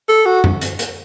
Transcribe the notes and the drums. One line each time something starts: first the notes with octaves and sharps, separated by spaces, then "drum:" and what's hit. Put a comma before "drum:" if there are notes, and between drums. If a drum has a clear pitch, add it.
A4
F#4
drum: tom F#2
drum: hi-hat
drum: hi-hat